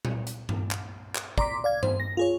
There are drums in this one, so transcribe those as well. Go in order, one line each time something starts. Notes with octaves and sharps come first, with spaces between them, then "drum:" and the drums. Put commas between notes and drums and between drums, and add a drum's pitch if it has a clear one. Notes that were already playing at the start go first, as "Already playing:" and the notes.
drum: tom A#2
drum: hi-hat
drum: tom G2
drum: clap
drum: clap
D5 A#5 C6 D6 B6, drum: kick
D5 F5 G#6
C5, drum: tom G2
A#6
F4 G#4 C#5